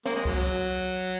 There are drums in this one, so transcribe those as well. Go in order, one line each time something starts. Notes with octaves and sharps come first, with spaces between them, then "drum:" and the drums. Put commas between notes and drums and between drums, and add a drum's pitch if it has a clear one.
A#3, drum: snare
G#3
F#3, drum: kick C2